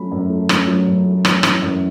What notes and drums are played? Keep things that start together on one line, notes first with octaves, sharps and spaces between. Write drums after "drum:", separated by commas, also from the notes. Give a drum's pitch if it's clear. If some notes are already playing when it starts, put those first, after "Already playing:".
Already playing: F#3 A3 C#4 B5
F#2
A3
C#4, drum: rim click
F#3
F#2
A3
C#4, drum: rim click
E3, drum: rim click
F#2